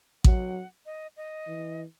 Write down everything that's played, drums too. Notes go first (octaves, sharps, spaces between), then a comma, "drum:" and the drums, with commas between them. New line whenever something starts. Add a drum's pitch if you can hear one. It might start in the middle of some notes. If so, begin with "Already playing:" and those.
F#3 F#5, drum: kick A1
D#5
D#5
E3